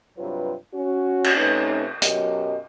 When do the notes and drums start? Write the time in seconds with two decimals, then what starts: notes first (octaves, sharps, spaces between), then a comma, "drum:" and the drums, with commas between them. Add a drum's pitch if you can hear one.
0.17 G2 C3 F#3 F4 B4
0.73 C#4 F#4
1.24 drum: cymbal
1.36 C3 A3 C#4 D#4 B4
2.02 F#2 B2 F#3 G4 A#4 D#5, drum: hi-hat